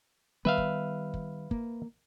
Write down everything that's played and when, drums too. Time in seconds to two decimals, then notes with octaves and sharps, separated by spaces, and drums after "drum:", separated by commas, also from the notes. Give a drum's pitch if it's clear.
0.45 D#3 G3 B3 B4 E5 F5
0.58 drum: kick
1.14 drum: kick
1.51 A#3, drum: kick